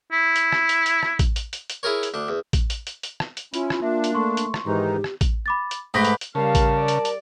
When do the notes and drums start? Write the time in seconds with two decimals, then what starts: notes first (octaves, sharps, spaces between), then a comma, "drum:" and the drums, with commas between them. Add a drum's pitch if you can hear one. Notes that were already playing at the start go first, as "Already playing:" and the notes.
0.12 E4
0.36 drum: hi-hat
0.52 drum: rim click
0.69 drum: hi-hat
0.86 drum: hi-hat
1.03 drum: rim click
1.19 drum: kick A1, hi-hat
1.36 drum: hi-hat
1.53 drum: hi-hat
1.70 drum: hi-hat
1.83 E4 G#4 A#4 C#5
2.03 drum: hi-hat
2.14 D2 D4
2.28 E2
2.53 drum: kick A1, hi-hat
2.70 drum: hi-hat
2.87 drum: hi-hat
3.03 drum: hi-hat
3.20 drum: rim click
3.37 drum: hi-hat
3.54 C#4 E4 F4, drum: hi-hat
3.70 drum: rim click
3.82 A#3 D4 E5
4.04 drum: hi-hat
4.14 A3 C6 C#6
4.37 drum: hi-hat
4.54 drum: rim click
4.66 G#2 D#3 E3 D#4 G4
5.04 drum: rim click
5.21 drum: kick A1, hi-hat
5.46 B5 D6 A6
5.71 drum: hi-hat
5.94 G#2 A3 G4 B4 D#6 A#6 B6
6.05 drum: hi-hat
6.21 drum: hi-hat
6.35 C#3 G3 A#4 F5 A5
6.55 drum: kick A1, hi-hat
6.76 D5
6.88 drum: hi-hat
7.05 drum: hi-hat